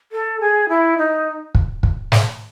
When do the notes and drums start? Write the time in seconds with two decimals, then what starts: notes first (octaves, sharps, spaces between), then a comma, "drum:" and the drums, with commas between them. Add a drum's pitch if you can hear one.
0.12 A4
0.40 G#4
0.69 E4
0.98 D#4
1.55 drum: kick
1.83 drum: kick
2.12 drum: snare